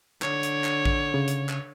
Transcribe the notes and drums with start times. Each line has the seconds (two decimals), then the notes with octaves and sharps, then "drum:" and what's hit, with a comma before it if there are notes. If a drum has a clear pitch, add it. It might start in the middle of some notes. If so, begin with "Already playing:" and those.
0.22 D3 C#5, drum: clap
0.43 drum: hi-hat
0.64 drum: clap
0.85 drum: kick A1
1.14 C#3
1.28 drum: hi-hat
1.49 drum: clap